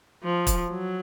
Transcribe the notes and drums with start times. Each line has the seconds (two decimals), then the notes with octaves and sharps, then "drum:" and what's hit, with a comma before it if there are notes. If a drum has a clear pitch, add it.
0.23 F3
0.47 drum: kick, hi-hat
0.70 F#3